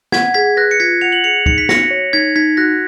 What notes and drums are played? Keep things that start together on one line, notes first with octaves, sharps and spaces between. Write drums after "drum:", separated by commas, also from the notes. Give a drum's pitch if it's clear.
F#5 G#6 B6, drum: snare
G#4 G#6 B6
B4 F#6 A#6
C#7
F4 G#6 B6
F#5 C#7 F7
F#7
G#4 C#7 F7
D#4 C#7, drum: kick C#2
B6
F#4 A#6 C#7, drum: snare
C#5
D#4 G#6 B6
D#4 G#6 B6
F#4 F#6 A#6